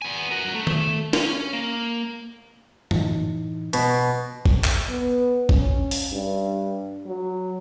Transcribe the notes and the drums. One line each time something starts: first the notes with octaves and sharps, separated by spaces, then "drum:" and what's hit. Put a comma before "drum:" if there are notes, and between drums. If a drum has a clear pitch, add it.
B3 G#5
F#4 A#4
A3
drum: tom D#3
C#4, drum: snare
A#3
A2 E3 D#4, drum: tom F#2
B2, drum: hi-hat
drum: kick G1
drum: clap
B3
C#4, drum: kick G1
drum: open hi-hat
G2
F#3